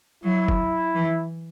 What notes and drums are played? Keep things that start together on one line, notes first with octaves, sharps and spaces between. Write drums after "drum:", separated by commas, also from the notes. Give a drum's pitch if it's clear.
F#3 E4
drum: kick
E3